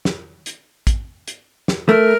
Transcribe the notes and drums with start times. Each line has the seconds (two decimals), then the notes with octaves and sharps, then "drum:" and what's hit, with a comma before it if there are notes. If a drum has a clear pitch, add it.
0.05 drum: snare
0.46 drum: hi-hat
0.87 drum: kick, hi-hat
1.28 drum: hi-hat
1.68 drum: snare
1.89 A3 A#4